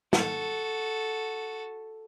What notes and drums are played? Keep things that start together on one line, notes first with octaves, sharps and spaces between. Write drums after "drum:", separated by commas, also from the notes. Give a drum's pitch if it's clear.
F#4 A4, drum: snare